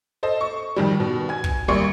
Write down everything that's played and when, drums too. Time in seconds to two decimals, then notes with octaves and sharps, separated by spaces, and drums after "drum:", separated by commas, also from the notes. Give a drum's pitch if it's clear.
0.23 A4 C5 D#5
0.41 C#6
0.76 F2 D#3 G3
1.00 B2
1.29 G#5 G#6
1.44 drum: kick
1.68 G#1 G3 A#3 C6 C#6 C#7